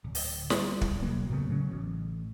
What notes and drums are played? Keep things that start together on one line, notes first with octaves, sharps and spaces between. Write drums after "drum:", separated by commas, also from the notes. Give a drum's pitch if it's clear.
D1
drum: open hi-hat
G3, drum: snare
drum: kick
B1 F#3 A#3
A2 C#3 A3 B3
C#3 F#3 C#4
A1